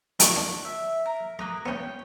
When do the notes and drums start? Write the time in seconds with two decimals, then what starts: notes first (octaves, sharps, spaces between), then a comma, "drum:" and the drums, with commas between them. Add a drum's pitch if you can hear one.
0.20 D#3 F#5 C#6, drum: hi-hat
0.36 D4
0.65 E5
1.06 A#4
1.39 A#3 B4 A#5 D#6
1.66 B3 C#4 C#5 F5 G5